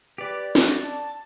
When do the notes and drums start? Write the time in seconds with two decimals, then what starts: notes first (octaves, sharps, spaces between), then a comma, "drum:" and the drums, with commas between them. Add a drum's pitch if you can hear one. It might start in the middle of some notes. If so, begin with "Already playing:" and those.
0.18 G4 B4 D5
0.55 F#4 D5, drum: snare
0.83 A5